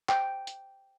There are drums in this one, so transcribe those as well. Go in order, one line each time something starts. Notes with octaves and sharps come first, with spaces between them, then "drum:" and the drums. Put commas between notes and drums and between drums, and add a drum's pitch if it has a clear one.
G5, drum: clap
drum: hi-hat